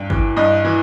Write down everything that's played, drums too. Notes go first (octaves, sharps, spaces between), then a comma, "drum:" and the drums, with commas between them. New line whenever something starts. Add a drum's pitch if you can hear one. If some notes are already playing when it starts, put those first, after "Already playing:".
Already playing: G2 G5
E3, drum: kick G1
G2 D#5
E3